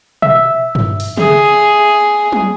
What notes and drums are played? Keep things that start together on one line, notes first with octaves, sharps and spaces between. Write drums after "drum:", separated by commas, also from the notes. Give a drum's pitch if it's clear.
E5, drum: tom B2
drum: tom G2
drum: open hi-hat
G#4, drum: tom C#3
drum: tom F#3